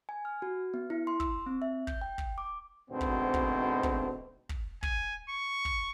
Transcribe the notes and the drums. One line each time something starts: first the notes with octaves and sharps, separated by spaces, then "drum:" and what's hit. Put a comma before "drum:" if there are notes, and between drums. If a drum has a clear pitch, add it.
G#5
F6
F#4
B3
E4
C6
E6, drum: kick
C4
E5
G6, drum: kick
G5
drum: kick
D6
D2 G#2 B2 B3 C4
drum: kick
drum: kick
drum: kick
drum: kick
G#5, drum: kick
C#6
drum: kick